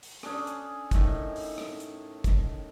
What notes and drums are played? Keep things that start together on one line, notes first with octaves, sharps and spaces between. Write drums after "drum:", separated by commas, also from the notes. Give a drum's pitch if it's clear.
drum: open hi-hat
C#4 D4 G#4 A4, drum: rim click
drum: hi-hat
A2 D#3 G5, drum: kick, hi-hat
drum: open hi-hat
drum: rim click
drum: hi-hat
drum: kick, hi-hat